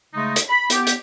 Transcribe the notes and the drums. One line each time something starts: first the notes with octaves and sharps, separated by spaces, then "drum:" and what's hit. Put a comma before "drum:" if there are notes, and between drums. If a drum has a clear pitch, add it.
C#3 G#3 A3 D#4
drum: hi-hat
B5
B3 G4, drum: hi-hat
drum: hi-hat